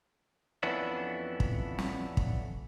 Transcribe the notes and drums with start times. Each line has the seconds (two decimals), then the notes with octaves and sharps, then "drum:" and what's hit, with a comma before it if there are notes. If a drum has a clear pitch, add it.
0.63 F2 E3 B3 C#4 D4 E4
1.40 drum: kick
1.79 drum: snare
2.17 drum: kick